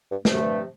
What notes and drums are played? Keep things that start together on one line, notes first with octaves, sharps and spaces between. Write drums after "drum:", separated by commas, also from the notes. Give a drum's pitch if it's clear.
G2
G2 C3 F3 A3, drum: snare
F#2
G2